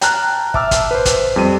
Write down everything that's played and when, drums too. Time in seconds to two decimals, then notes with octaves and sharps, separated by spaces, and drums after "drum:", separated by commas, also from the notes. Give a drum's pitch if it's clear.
0.01 G5 A5 A#5 F6 F#6, drum: hi-hat
0.54 E5 A5 D6 E6 F6, drum: kick
0.71 drum: kick, hi-hat
0.91 B4 C5
1.05 drum: kick, hi-hat
1.36 F2 G3 D#7